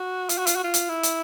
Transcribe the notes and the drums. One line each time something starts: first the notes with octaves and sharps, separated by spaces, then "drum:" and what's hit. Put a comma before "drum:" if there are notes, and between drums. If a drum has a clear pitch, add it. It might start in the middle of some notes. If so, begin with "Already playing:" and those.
Already playing: F#4
F4, drum: hi-hat
F#4
F4, drum: hi-hat
F#4
F4
drum: hi-hat
E4
drum: hi-hat